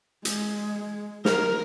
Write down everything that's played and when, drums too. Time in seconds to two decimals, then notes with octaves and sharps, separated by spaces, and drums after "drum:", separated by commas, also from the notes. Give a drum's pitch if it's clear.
0.25 G#3, drum: hi-hat
1.25 A#4, drum: snare